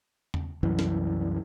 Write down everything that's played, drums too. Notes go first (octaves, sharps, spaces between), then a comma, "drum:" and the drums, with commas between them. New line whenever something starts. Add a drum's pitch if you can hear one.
drum: tom E2
C2 F#2 E3
drum: snare